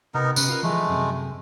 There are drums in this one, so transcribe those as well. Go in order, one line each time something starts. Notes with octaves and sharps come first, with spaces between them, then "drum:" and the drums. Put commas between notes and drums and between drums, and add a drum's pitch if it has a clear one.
C3 B3 D#4 A#4
C3 C#4 B4 D#5, drum: tambourine
F4 A#4
E3 F3 G#3 A3
F#2 C3